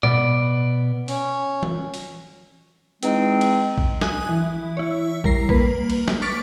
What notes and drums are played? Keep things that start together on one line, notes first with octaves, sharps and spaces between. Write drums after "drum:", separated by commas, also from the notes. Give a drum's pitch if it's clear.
B2 B3 D5, drum: tom A2
C#4, drum: open hi-hat
drum: tom E3
drum: open hi-hat
E2 G#3 C4 D#4, drum: hi-hat
drum: cymbal
drum: kick A#1
G#5 D#6 F#6, drum: snare
E3
E4 C#5
G3 A#4 A#5 C7, drum: kick A#1
A#3 B4, drum: kick A#1
drum: cymbal
drum: snare
C#6 D6 F6 A6 B6 D7